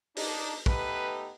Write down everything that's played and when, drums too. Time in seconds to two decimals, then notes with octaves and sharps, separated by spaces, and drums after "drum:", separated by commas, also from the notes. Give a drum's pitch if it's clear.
0.16 D4 D#4, drum: open hi-hat
0.66 A3 B3 D#4 G4 B4, drum: kick